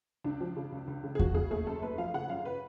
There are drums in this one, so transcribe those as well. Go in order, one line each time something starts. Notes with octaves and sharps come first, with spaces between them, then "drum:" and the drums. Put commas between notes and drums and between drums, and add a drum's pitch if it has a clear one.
C#2 D4
F3
C#3
C#2
C#2
C#3
G#4
F3 F#4, drum: kick E2
C#3 G#4
A3 G#4
F#2 A4
A3 B4
F3 F5
C#3 F#5
F#2 F5
B4